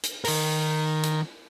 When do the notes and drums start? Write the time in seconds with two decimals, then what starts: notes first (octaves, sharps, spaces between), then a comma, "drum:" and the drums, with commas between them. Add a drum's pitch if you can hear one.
0.03 drum: hi-hat
0.25 D#3 A#4, drum: open hi-hat
1.03 drum: hi-hat